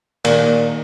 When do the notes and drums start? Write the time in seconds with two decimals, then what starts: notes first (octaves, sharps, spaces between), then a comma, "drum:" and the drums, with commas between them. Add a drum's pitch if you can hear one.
0.25 A#2 D#3, drum: cymbal